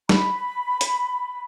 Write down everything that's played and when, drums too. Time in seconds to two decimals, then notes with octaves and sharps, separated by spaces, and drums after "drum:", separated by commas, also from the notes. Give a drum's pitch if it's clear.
0.09 B5, drum: snare
0.81 drum: hi-hat